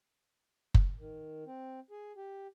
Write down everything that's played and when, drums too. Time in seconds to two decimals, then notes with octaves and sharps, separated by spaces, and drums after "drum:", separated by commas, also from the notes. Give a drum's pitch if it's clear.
0.74 drum: kick F#1
0.99 D#3
1.46 C4
1.91 G#4
2.17 G4